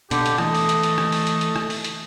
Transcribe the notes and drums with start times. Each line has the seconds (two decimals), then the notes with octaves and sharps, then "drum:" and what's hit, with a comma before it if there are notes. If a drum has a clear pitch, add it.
0.11 B2 D3 G4, drum: hi-hat
0.26 drum: hi-hat
0.38 E3 A3 D#5, drum: rim click
0.55 drum: open hi-hat
0.69 drum: hi-hat
0.83 drum: hi-hat
0.98 drum: rim click
1.12 drum: open hi-hat
1.27 drum: hi-hat
1.41 drum: hi-hat
1.56 drum: rim click
1.70 drum: open hi-hat
1.84 drum: hi-hat